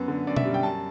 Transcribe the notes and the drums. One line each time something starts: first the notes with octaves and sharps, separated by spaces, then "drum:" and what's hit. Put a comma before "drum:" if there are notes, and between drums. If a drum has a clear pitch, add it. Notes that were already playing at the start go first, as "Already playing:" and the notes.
Already playing: F#2 B3
D3
F#2 D5
E5, drum: tom B2
G3
G5
F#2 A5